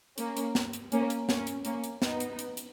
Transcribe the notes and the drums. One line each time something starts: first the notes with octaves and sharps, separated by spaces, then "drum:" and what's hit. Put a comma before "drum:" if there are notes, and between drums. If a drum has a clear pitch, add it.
A#3 C#4, drum: hi-hat
drum: hi-hat
drum: snare
drum: hi-hat
A#3 C#4, drum: hi-hat
drum: hi-hat
A#3 C#4, drum: snare
drum: hi-hat
A#3 C#4, drum: hi-hat
drum: hi-hat
B3 D#4, drum: snare
drum: hi-hat
drum: hi-hat
drum: hi-hat